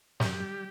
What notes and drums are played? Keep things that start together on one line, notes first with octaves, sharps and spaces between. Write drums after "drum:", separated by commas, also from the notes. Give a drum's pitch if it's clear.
F#2 G4, drum: snare
G3